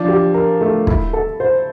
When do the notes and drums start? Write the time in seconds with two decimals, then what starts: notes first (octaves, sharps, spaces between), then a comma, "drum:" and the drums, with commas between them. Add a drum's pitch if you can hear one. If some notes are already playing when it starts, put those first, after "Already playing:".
Already playing: F3 D4
0.08 G4
0.34 A#4
0.61 A3
0.87 E4, drum: kick
1.13 A4
1.40 C5